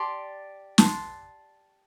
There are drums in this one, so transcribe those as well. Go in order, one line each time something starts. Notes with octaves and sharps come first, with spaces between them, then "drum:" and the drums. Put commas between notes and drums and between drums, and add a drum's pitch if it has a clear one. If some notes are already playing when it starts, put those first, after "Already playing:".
Already playing: G4 D5 A5 C6
A5 C6, drum: snare